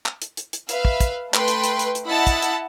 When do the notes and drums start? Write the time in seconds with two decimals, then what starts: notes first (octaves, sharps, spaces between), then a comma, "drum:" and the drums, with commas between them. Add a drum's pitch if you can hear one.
0.06 drum: clap
0.22 drum: hi-hat
0.37 drum: hi-hat
0.53 drum: hi-hat
0.69 B4 E5 F5, drum: hi-hat
0.85 drum: kick
1.00 drum: kick, hi-hat
1.34 A3 B4 G5 C6, drum: clap
1.48 drum: hi-hat
1.64 drum: hi-hat
1.79 drum: hi-hat
1.95 drum: hi-hat
2.07 E4 D#5 E5 F#5 A5 B5
2.27 drum: kick, hi-hat
2.42 drum: hi-hat